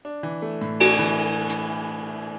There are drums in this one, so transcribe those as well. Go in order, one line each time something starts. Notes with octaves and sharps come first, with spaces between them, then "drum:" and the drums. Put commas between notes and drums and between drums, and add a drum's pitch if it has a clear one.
D4
E3
A3
A2
D4, drum: cymbal
E3
drum: hi-hat